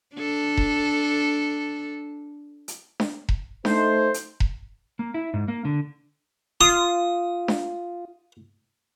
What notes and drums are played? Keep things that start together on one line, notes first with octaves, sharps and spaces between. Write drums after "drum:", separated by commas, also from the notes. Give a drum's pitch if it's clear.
D4 A4
drum: kick E1
drum: hi-hat
drum: snare D4
drum: kick E1
A3 D#4 C5, drum: snare D4
drum: hi-hat
drum: kick E1
A#3
E4
G#2
A#3
D3
F4 D#6
drum: snare D4